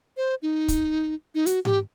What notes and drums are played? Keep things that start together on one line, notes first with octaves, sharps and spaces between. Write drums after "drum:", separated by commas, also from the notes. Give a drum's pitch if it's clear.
C5
D#4
drum: kick, hi-hat
D#4
F#4, drum: hi-hat
G4, drum: tom G#2